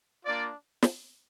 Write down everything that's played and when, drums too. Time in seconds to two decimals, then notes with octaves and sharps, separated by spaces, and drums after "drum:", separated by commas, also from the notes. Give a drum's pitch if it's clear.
0.25 A#3 D4 F4 D5
0.82 drum: snare